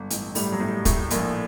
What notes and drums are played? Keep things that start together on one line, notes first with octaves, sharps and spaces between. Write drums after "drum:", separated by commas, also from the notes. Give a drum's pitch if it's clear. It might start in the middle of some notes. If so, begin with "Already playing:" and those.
Already playing: G1
A1, drum: hi-hat
A2 G3, drum: open hi-hat
F#3
A2 G3
A2 A3, drum: kick, hi-hat
A#1 A#3, drum: hi-hat